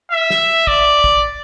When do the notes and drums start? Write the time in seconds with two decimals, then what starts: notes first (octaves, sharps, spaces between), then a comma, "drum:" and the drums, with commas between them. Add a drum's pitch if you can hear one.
0.12 E5
0.30 drum: snare
0.67 D5, drum: kick
1.04 drum: kick